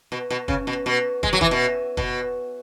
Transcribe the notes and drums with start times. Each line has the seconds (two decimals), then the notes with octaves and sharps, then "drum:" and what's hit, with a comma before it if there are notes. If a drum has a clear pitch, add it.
0.12 B2
0.30 B2
0.48 C#3, drum: kick
0.67 B2
0.86 B2
1.23 G#3, drum: kick
1.33 F#3
1.41 E3, drum: kick
1.51 B2
1.97 B2, drum: kick